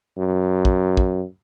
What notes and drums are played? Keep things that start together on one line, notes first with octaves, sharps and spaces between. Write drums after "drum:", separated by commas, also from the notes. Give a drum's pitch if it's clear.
F#2
drum: kick
drum: kick